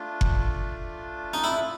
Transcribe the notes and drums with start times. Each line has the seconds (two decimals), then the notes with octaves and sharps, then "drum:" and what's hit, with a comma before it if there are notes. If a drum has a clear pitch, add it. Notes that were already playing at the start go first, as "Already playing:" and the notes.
Already playing: A3 D4 F4
0.21 drum: kick F#1
1.34 D#4
1.44 E4